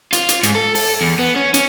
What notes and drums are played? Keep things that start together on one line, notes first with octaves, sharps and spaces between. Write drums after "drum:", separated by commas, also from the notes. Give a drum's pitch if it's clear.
F4, drum: hi-hat
drum: hi-hat
G#2, drum: hi-hat
A4
A4, drum: open hi-hat
E2
B3
C#4
C#4, drum: hi-hat